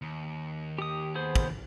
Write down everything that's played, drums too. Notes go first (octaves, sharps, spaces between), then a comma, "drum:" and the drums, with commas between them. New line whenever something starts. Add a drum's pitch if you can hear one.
D#2
G4 D#6
B3 G#4 C5
drum: kick